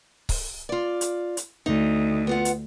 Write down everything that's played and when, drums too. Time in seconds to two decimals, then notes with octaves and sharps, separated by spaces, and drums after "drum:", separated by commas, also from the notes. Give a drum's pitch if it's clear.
0.29 drum: kick C#1, open hi-hat
0.69 F4 D5
1.01 drum: hi-hat
1.37 drum: hi-hat
1.66 D2 D#4
2.27 B3 F4 F#5
2.45 drum: hi-hat